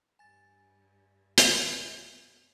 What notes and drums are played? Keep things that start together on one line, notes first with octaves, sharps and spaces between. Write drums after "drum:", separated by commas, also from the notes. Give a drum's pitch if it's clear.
G2 G#5 A6
drum: hi-hat